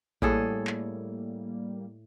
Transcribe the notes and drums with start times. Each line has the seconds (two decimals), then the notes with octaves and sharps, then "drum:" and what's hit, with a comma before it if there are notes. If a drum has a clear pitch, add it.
0.22 A2 G3 A#3 G#4 A4, drum: kick A1
0.67 drum: clap